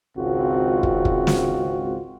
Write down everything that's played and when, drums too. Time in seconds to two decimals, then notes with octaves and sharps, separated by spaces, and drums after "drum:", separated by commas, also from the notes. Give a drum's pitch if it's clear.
0.17 G#1 C#2 C4 F4 F#4
0.83 drum: kick
1.05 drum: kick
1.27 drum: snare